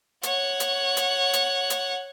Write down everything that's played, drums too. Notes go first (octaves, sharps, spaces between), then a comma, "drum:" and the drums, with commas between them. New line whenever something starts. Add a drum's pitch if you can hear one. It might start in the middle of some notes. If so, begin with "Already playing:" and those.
C#5 F#5, drum: hi-hat
drum: hi-hat
drum: hi-hat
drum: hi-hat
drum: hi-hat